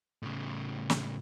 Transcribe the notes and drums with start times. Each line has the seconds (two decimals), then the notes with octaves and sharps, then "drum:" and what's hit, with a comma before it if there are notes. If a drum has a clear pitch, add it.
0.23 A2 C#3
0.90 drum: snare